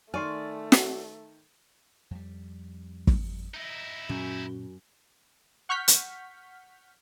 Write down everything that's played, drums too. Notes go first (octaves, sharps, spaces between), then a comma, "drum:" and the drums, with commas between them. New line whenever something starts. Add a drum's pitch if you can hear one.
D#3 A3 D5 G#5 C6 C#6 F6
drum: snare
F2 G3
drum: kick
D#4 E4
F#2 A#2 C#4
F#5 C#6 F6 G6 B6
drum: hi-hat